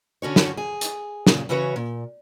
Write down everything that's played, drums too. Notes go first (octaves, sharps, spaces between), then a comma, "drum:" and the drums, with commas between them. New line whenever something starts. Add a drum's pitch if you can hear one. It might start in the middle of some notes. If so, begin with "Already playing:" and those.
D3 C#4 F#4 C#5
drum: snare
G#4
drum: hi-hat
A#2 C#3, drum: snare
C#3 E3 C#4 F#4 B4 C#5
A#2